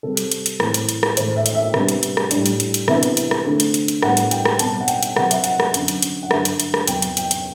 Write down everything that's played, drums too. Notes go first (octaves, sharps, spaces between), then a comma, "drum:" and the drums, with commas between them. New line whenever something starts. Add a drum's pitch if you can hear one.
C3 G3 C4 A4
drum: hi-hat
drum: hi-hat
drum: hi-hat
A2 E3 A3 C4, drum: rim click
drum: hi-hat
drum: hi-hat
drum: rim click
A2 E3 A3 C5, drum: hi-hat
E5
drum: hi-hat
E5
C3 G3 B3 D4, drum: rim click
drum: hi-hat
drum: hi-hat
drum: rim click
A2 G3 D4, drum: hi-hat
drum: hi-hat
drum: hi-hat
drum: hi-hat
C3 E3 B3 D4 E5, drum: rim click
drum: hi-hat
drum: hi-hat
drum: rim click
D3 A3 C4
drum: hi-hat
drum: hi-hat
drum: hi-hat
A2 G3 B3 D4 F#5, drum: rim click
drum: hi-hat
G5, drum: hi-hat
drum: rim click
B2 G3 C4 A5, drum: hi-hat
F#5
G5, drum: hi-hat
drum: hi-hat
C3 F#3 C4 F#5, drum: rim click
E5, drum: hi-hat
F#5, drum: hi-hat
drum: rim click
F#2 D3 F#3 C4, drum: hi-hat
drum: hi-hat
drum: hi-hat
F#5
G2 D3 F#3 E5, drum: rim click
drum: hi-hat
drum: hi-hat
drum: rim click
E2 C3 F#3 B3 G5, drum: hi-hat
drum: hi-hat
G5, drum: hi-hat
drum: hi-hat